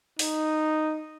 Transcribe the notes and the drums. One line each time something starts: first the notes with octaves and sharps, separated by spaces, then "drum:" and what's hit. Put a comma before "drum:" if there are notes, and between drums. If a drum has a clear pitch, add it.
D#4, drum: open hi-hat